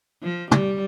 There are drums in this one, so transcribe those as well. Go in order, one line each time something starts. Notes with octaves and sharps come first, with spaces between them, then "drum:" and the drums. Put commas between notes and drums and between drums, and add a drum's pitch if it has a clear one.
F3
G3, drum: tom